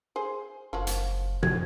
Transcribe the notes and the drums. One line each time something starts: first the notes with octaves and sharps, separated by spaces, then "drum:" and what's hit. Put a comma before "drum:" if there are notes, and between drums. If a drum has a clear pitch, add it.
G#4 C5
F#1 F3 A#3 F#4
drum: hi-hat
F2 G#6, drum: tom A#2